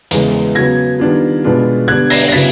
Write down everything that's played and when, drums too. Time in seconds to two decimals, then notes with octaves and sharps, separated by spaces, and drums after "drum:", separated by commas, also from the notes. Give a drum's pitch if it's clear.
0.11 E2 C#3 E3 G#3, drum: hi-hat
0.55 C#3 F#3 B3 G#6 A#6
0.99 D#3 G3 B3 D4 F4
1.44 B2 G#3 B3 D4 F4
1.88 D3 G3 B3 D4 F#6 G#6
2.10 A#6 C7, drum: open hi-hat
2.28 A#6
2.32 C#3 F#3 B3 E4 A6 B6